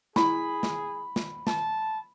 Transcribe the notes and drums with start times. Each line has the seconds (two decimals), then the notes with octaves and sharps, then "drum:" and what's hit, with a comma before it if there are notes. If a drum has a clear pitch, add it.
0.16 E4 G#4 B5, drum: snare
0.63 drum: snare
1.16 drum: snare
1.47 A5, drum: snare